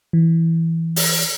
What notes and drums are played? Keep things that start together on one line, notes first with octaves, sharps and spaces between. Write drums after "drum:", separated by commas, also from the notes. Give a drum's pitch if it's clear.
E3
drum: open hi-hat